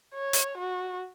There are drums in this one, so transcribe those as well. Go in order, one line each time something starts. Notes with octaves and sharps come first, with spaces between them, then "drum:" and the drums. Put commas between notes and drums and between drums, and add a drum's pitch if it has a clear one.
C#5
drum: hi-hat
F#4